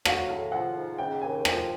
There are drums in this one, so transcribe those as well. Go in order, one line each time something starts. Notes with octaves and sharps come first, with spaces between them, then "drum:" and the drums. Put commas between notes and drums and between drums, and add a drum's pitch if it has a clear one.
F#3 F5, drum: rim click
A2 F5
F3 F#5
G#2
C#3 G5
D#2 G#5
F3 G5, drum: rim click